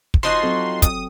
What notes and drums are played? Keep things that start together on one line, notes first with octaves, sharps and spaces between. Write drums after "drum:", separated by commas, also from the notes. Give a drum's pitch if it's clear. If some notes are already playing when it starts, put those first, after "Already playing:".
drum: kick
F3 D#4 F#4 C6
F#3 C4 A4
D#6, drum: kick, hi-hat